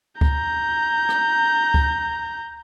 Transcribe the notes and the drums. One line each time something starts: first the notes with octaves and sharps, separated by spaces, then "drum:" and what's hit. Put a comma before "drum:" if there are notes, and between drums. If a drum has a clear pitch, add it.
A#5 G6, drum: kick C#2
drum: rim click
drum: kick C#2